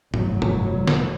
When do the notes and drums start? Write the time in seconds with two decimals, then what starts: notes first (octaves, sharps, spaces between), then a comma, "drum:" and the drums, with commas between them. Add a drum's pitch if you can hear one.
0.14 F1 F#3, drum: tom G2
0.42 drum: tom G2
0.88 drum: snare